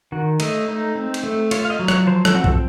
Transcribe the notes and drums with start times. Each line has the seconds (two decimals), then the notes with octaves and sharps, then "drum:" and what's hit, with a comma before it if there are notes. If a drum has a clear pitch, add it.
0.12 D#3 F#4
0.40 A3 D#5, drum: cymbal
0.68 D#4
0.95 C4
1.14 drum: cymbal
1.23 A3
1.51 F4 C#5, drum: cymbal
1.65 F5
1.70 D#5
1.79 F#3
1.88 C#5, drum: rim click
2.07 F3 C5
2.25 A4, drum: rim click
2.35 C4 F#4
2.44 A4, drum: kick